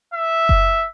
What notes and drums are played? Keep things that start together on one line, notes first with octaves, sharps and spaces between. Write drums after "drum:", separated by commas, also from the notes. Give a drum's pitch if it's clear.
E5
drum: kick F#1